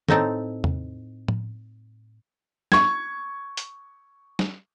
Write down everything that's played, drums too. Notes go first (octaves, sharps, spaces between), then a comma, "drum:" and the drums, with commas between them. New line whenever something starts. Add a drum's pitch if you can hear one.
A2 C4 D#4 A4, drum: tom D#3
drum: tom E2
drum: tom A2
C#6 G#6, drum: snare
drum: hi-hat
drum: snare